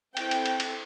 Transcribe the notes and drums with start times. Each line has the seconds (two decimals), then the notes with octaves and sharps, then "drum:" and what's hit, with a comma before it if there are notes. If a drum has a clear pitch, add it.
0.17 C4 E4 A4 G5, drum: cymbal
0.31 drum: cymbal
0.46 drum: cymbal
0.60 drum: cymbal